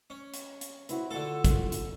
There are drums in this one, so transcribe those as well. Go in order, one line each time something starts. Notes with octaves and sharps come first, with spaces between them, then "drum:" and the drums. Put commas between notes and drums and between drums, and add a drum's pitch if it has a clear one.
C#4
drum: hi-hat
drum: hi-hat
C4 E4 F#4, drum: hi-hat
D3 F4 F#4 A4
drum: kick, hi-hat
drum: hi-hat